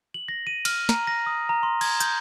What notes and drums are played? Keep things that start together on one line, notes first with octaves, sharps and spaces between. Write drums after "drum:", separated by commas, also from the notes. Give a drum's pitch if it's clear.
F#7
A#6
D#7
F6, drum: cymbal
A#5, drum: snare
A#6
D#6
A#5
C6
G#6, drum: cymbal
G6, drum: hi-hat